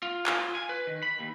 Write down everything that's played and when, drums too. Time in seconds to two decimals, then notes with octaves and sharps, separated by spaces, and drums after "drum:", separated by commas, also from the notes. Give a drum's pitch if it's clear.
0.03 F4
0.27 F4, drum: clap
0.39 F4
0.55 G#5
0.69 B4
0.87 D#3
1.03 B5
1.19 D#2